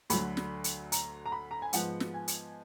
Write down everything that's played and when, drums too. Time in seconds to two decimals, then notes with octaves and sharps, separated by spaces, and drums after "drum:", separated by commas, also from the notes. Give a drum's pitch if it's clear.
0.10 D2 D3 F#3 B5, drum: hi-hat
0.37 drum: snare
0.64 drum: hi-hat
0.92 A#5, drum: hi-hat
1.26 A#5
1.32 B5
1.51 A#5
1.62 G#5
1.73 G#2 F3 B3 F#5, drum: hi-hat
2.00 drum: snare
2.14 G#5
2.28 drum: hi-hat